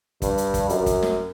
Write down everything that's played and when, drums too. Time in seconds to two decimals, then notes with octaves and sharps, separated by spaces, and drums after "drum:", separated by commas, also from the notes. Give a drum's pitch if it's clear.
0.22 G2, drum: kick, hi-hat
0.38 drum: hi-hat
0.54 drum: kick, hi-hat
0.69 F#2, drum: hi-hat
0.86 drum: kick, hi-hat
1.03 drum: snare